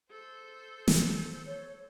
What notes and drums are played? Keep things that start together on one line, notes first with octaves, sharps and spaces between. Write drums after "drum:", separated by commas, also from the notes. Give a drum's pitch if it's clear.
A4 C5 G6
drum: snare
C#5